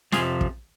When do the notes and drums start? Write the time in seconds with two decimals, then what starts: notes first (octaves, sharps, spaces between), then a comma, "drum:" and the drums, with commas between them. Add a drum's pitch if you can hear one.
0.12 F2 C3 F3 F4 G#4, drum: snare
0.41 drum: kick